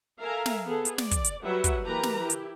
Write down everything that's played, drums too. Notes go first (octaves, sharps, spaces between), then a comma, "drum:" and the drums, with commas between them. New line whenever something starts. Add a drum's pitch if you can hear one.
A4 A#4 E5 F5 G#5 A#5
drum: snare
B3 G#4 A4
drum: hi-hat
D5, drum: snare
drum: kick, hi-hat
drum: hi-hat
F#3 G3 F#4 B4 E5 F#5
drum: kick, hi-hat
E3 A#3 G4 A#4 B4 A#5
drum: snare
E4 G4
drum: hi-hat